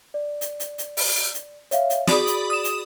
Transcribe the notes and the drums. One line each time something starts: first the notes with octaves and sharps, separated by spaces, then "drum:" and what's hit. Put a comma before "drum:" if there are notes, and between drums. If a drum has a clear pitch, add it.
D5
drum: hi-hat
drum: hi-hat
drum: hi-hat
drum: open hi-hat
drum: hi-hat
drum: hi-hat
C#5 E5 F5, drum: hi-hat
drum: hi-hat
F#4 G#4 D5 B5 D#6, drum: snare
drum: hi-hat
D#6 E7
drum: hi-hat